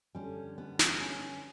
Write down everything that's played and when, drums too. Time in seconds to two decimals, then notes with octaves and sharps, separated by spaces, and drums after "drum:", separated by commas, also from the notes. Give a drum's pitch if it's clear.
0.15 D3 G3 C#4
0.58 B3
0.79 drum: snare
1.00 C#4